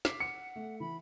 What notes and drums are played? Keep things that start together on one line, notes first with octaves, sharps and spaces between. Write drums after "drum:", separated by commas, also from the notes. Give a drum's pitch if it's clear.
D6 B6 C7, drum: snare
F#5 C#7
A3
E3 B5